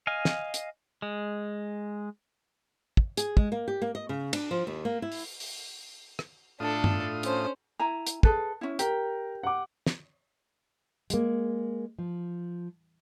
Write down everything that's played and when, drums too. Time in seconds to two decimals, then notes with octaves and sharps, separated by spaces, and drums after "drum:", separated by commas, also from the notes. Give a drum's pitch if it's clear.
0.07 D#5 F5 G#5
0.25 drum: snare
0.54 drum: hi-hat
1.02 G#3
2.97 drum: kick
3.17 G#4, drum: hi-hat
3.37 G#3, drum: kick
3.52 A#3
3.68 G4
3.82 A#3
3.95 D#5
4.09 C#3
4.33 D4, drum: cymbal
4.51 F3
4.67 D#2
4.85 A#3
5.02 E4
5.12 drum: open hi-hat
5.40 drum: open hi-hat
6.19 drum: rim click
6.60 A2 D4 F4 A4 D#6
6.84 drum: tom G2
7.23 C#4 C5, drum: hi-hat
7.79 E4 G#5 A#5
8.07 drum: hi-hat
8.23 G#4 A4 B4, drum: kick
8.61 C#4 E4
8.79 G4 A#4, drum: hi-hat
9.43 F#5 D6
9.87 drum: snare
11.10 G#3 A#3, drum: hi-hat
11.99 F3